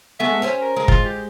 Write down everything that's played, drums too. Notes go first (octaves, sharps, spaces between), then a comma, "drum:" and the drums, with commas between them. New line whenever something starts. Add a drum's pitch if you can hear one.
G#3 A3 B3 E5
C#4 G4 C5
A#4
G#3 A#4
F4, drum: kick
G4